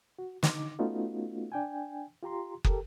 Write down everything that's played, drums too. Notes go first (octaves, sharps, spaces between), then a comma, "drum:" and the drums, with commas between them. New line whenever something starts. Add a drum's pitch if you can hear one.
F#4
D3 D#4 D6, drum: snare
A3 B3 C#4 D#4 F4 F#4
D4 G5 G#5
F4 G4 A#5 C6
G4 A4 A#4, drum: kick